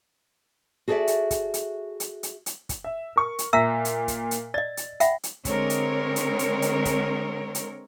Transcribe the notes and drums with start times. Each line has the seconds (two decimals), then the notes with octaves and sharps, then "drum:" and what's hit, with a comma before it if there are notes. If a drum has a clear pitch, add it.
0.88 F#4 G#4 A4 C5 D5 E5
1.07 drum: hi-hat
1.31 drum: kick, hi-hat
1.54 drum: hi-hat
2.00 drum: hi-hat
2.23 drum: hi-hat
2.46 drum: hi-hat
2.69 drum: kick, hi-hat
2.84 E5
3.16 A#4 C#6
3.39 drum: hi-hat
3.53 A#2 E5 A#5 E6 B6
3.85 drum: hi-hat
4.08 drum: kick, hi-hat
4.31 drum: hi-hat
4.54 D5 D#5 A6
4.77 drum: hi-hat
5.00 E5 F#5 G5 B5, drum: hi-hat
5.23 drum: hi-hat
5.45 D3 G#3 C4 A#4 C#5, drum: kick, hi-hat
5.70 drum: hi-hat
6.16 drum: hi-hat
6.39 drum: hi-hat
6.62 drum: hi-hat
6.85 drum: kick, hi-hat
7.55 drum: hi-hat